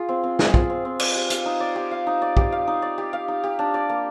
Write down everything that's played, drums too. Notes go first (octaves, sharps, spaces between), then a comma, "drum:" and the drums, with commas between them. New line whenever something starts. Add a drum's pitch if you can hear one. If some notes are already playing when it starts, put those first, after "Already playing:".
Already playing: F4 G#4
C4
C4
G#4, drum: snare
F4, drum: kick
C4
C4
D5, drum: cymbal
G4
F5, drum: hi-hat
D#4
D5
G4
F5
D#4
D5
G4, drum: kick
F5
D#4
D5
G4
F5
D#4
G4
D4
D5
A#3